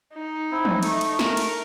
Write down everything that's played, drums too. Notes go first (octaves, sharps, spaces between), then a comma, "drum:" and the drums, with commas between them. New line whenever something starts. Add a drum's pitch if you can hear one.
D#4
C4 E4
drum: tom
A3 C#6, drum: cymbal
drum: cymbal
A#4, drum: snare
drum: cymbal